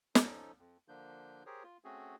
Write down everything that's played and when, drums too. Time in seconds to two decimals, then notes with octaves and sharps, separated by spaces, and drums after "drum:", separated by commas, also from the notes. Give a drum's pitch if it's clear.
0.15 F3 C#4 D#4 A4, drum: snare
0.59 F2
0.88 D3 F3 A#3 D4 G6
1.46 G4 G#4 A#4 C5 C#5
1.63 F4
1.85 A3 C4 C#4 F#4 G#4